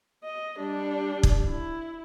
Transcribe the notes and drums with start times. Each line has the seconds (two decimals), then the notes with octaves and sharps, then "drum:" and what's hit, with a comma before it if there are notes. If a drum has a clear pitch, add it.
0.24 D#5
0.59 G3 D4
1.23 drum: kick
1.46 E4